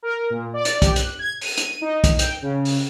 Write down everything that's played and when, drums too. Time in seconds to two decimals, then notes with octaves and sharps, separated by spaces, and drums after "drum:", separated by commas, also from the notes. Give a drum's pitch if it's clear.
0.03 A#4
0.30 A#2
0.54 D5
0.65 drum: hi-hat
0.82 G4, drum: kick, hi-hat
0.96 F#6, drum: hi-hat
1.19 G#6
1.41 D#7, drum: open hi-hat
1.58 drum: hi-hat
1.81 D#4
2.04 drum: kick, hi-hat
2.19 G5, drum: hi-hat
2.42 C#3
2.65 drum: open hi-hat